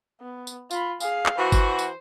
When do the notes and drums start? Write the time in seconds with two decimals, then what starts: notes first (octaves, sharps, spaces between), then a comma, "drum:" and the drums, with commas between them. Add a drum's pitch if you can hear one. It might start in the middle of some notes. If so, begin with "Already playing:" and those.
0.21 B3
0.47 drum: tambourine
0.71 F4 B5, drum: tambourine
1.00 G#4 F5, drum: tambourine
1.26 drum: clap
1.37 E3 F#4 C5
1.52 drum: kick G1, tambourine
1.79 drum: tambourine